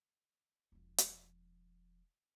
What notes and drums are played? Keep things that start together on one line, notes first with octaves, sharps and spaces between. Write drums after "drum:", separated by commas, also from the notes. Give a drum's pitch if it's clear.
E1 F3
drum: hi-hat